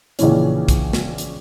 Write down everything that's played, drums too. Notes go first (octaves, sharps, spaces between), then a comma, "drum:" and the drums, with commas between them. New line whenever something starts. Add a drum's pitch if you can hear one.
A#1 C#3 E3 C#4, drum: hi-hat
drum: kick, hi-hat
drum: snare
drum: hi-hat